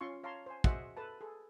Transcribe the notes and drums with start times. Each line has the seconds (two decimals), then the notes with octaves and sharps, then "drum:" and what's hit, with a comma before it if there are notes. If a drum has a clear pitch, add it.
0.01 C#4 F4 C6 C#6
0.24 C#5 F5 A5 A#5 C6
0.46 C5 G#5
0.64 F#4 G#4 C5 D#5 E5 F#5, drum: kick
0.97 A4 B4 A5
1.21 G#4 A4